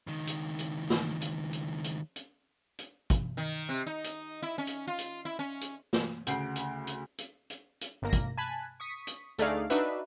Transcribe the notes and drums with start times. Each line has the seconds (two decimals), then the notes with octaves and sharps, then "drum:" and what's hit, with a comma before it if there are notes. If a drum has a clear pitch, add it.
0.07 C#2 D#3
0.27 drum: hi-hat
0.59 drum: hi-hat
0.90 drum: snare
1.22 drum: hi-hat
1.53 drum: hi-hat
1.84 drum: hi-hat
2.16 drum: hi-hat
2.79 drum: hi-hat
3.10 drum: kick, hi-hat
3.37 D#3
3.69 C3
3.87 D#4
4.04 drum: hi-hat
4.42 E4
4.58 C#4
4.67 drum: hi-hat
4.87 F4
4.99 drum: hi-hat
5.25 E4
5.39 C#4
5.61 drum: hi-hat
5.93 drum: snare
6.27 D2 C#3 F#5 G6 C7 D7, drum: hi-hat
6.56 drum: hi-hat
6.87 drum: hi-hat
7.18 drum: hi-hat
7.50 drum: hi-hat
7.81 drum: hi-hat
8.02 G1 A#3 A#6
8.13 drum: kick, hi-hat
8.37 G#5 A5 B5 F#6
8.80 C#6 D#6 B6
9.07 drum: hi-hat
9.38 D2 A3 D#4 G#4 D5 F5, drum: hi-hat
9.70 D4 D#4 F#4 B4 E5, drum: hi-hat